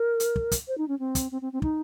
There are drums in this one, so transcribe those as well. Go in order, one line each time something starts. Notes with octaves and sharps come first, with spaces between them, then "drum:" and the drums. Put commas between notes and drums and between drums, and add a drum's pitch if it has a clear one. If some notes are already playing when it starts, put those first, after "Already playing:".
Already playing: A#4
drum: hi-hat
drum: kick
drum: kick, hi-hat
C5
D#4
C#4
C4
drum: kick, hi-hat
C4
C4
C4
D#4, drum: kick